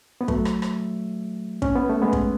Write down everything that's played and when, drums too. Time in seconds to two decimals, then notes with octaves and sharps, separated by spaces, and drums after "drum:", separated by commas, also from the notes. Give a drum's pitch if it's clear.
0.21 B3
0.28 F#3 A3, drum: kick
0.45 drum: rim click
0.62 drum: rim click
1.62 C#4, drum: kick
1.75 B3
1.90 A3
2.02 G#3 B3
2.13 drum: kick